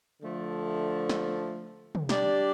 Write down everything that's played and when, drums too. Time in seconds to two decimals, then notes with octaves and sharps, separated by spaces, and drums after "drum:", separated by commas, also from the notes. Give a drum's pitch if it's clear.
0.21 D3 F3 A3
1.09 drum: snare
1.95 drum: tom
2.09 G3 D4 G4 D5, drum: snare